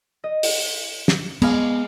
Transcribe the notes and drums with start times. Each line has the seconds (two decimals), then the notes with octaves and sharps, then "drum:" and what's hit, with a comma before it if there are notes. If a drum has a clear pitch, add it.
0.24 D#5
0.43 drum: open hi-hat
1.08 drum: snare
1.42 G#3 B3 F5, drum: cymbal